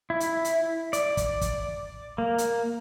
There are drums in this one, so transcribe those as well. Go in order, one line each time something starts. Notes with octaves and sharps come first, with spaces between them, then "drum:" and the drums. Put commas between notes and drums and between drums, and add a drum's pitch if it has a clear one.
E4
drum: hi-hat
drum: hi-hat
D5, drum: hi-hat
drum: kick, hi-hat
drum: kick, hi-hat
A#3
drum: hi-hat